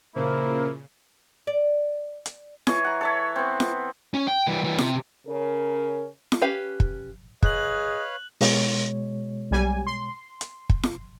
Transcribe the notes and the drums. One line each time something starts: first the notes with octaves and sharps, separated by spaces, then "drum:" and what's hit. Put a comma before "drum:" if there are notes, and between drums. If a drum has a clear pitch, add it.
A#2 C#3 F3 A#3 E4 A#4
D5
drum: hi-hat
E3 C#5 G#5, drum: snare
F#5 A#5
A4 C#5 E5
B3 C4
drum: snare
C#4
G5
E3 G3
E3 G3
C3, drum: snare
C#3 C#4 A#4
drum: snare
C#4 G4 B4 F5
drum: kick
G#4 B4 C#5 D#5 F5 F#6 F#7, drum: kick
B2 G#3 C#5, drum: open hi-hat
B1 G3 G#5
C6
drum: hi-hat
drum: kick
drum: snare